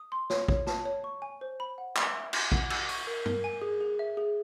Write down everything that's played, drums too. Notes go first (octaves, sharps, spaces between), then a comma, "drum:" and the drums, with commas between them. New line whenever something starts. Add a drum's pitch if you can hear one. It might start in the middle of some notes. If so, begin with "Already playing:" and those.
Already playing: D#6
C6
C#5, drum: snare
C#5, drum: kick A1
A5, drum: snare
C#5
C#6
G#5
C5
B5
F#5
E5, drum: clap
E5
C6, drum: cymbal
F#5, drum: kick A1
E6, drum: cymbal
C#6, drum: open hi-hat
A#4
A#4, drum: tom
G#5
G#4
G#4
E5
G#4